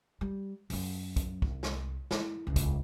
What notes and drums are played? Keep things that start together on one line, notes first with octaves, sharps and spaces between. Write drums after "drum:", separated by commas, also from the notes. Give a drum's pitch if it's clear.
G3
F#2 F#3, drum: open hi-hat
drum: kick, hi-hat
C2, drum: kick
drum: snare
E4, drum: snare
D#1 C#2
drum: kick, hi-hat